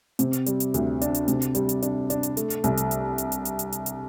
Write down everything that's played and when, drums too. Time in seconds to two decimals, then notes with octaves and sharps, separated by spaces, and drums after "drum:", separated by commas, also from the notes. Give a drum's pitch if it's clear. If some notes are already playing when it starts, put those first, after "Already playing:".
0.19 C3, drum: hi-hat
0.33 drum: hi-hat
0.46 G3, drum: hi-hat
0.60 drum: hi-hat
0.74 D2, drum: hi-hat
1.02 D4, drum: hi-hat
1.14 drum: hi-hat
1.28 C3, drum: hi-hat
1.42 drum: hi-hat
1.55 G3, drum: hi-hat
1.69 drum: hi-hat
1.82 D4, drum: hi-hat
2.10 D4, drum: hi-hat
2.23 drum: hi-hat
2.37 A3, drum: hi-hat
2.50 drum: hi-hat
2.64 C2, drum: hi-hat
2.77 drum: hi-hat
2.91 drum: hi-hat
3.18 drum: hi-hat
3.32 drum: hi-hat
3.45 drum: hi-hat
3.59 drum: hi-hat
3.72 drum: hi-hat
3.86 drum: hi-hat